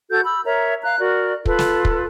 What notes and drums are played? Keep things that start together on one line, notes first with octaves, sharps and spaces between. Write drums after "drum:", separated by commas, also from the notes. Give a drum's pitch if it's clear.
F#4 A4 G6
B5 E6
A#4 C#5 E5 A#5
F5 A#5 F#6
F#4 A#4 D5
F4 A4 B4, drum: kick
drum: snare
drum: kick